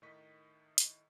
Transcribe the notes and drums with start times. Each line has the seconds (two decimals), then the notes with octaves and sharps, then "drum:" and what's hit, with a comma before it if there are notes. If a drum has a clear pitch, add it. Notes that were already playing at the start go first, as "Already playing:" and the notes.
0.02 A2 D#3 D#4 D#5 C#6 B6
0.78 drum: hi-hat